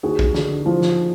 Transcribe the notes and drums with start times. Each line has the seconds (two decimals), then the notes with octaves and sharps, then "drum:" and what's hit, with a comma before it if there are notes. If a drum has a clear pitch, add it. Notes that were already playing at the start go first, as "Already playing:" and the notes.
0.03 D#2 F#4 G#4
0.19 drum: kick
0.34 D3, drum: snare
0.66 F3
0.82 drum: snare